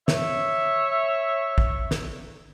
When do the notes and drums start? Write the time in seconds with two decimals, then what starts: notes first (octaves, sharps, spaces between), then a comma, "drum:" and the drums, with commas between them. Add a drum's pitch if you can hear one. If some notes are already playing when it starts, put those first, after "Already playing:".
0.08 C#5 E5, drum: snare
1.58 drum: kick
1.91 drum: snare